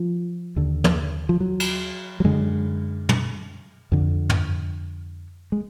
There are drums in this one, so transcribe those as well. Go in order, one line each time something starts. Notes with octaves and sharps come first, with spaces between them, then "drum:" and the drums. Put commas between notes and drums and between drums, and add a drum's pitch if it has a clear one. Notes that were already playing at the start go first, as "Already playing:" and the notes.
Already playing: F3
D#2 D3
drum: tom
F3
F#3
drum: cymbal
F#3
F#2 D3 G#3
drum: tom
F2 D3
drum: tom
G#3